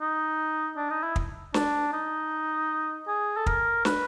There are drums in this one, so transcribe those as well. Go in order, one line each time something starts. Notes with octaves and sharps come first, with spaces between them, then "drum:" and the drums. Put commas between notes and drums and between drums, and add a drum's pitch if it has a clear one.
D#4
D4
D#4
E4
drum: kick
D4, drum: snare
D#4
G#4
A4
A#4, drum: kick
B4, drum: snare